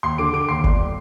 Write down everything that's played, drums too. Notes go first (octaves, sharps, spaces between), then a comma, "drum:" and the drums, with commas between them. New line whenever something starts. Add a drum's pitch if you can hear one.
D#2 C6 C7
D3 D6 D7
D3 D6 D7
D#2 C6 C7
G1, drum: kick G1